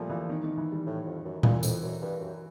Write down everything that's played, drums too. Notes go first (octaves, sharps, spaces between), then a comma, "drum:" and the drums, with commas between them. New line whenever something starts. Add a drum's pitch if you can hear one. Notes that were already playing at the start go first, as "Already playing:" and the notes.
Already playing: A#2 F3 G3 A3 A#3
E3
D#3
D#3
E3
G3
A2
F2
F#2
A#2 E3, drum: tom A#2
F2, drum: tambourine
F#2
G2
F#2